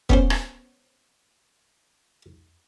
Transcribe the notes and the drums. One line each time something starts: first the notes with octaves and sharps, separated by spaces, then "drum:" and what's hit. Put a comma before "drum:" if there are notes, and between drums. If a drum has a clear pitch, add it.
B3 C#4 C5, drum: kick
drum: rim click